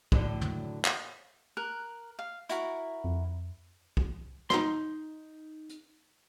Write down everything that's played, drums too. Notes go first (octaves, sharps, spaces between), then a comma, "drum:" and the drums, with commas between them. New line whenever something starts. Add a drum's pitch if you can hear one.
A2 D3 F#3, drum: kick
drum: tom
drum: clap
A#4 F#6
F5
E4 F#4 A#4, drum: hi-hat
F2
drum: kick
D#4 C6, drum: snare
drum: hi-hat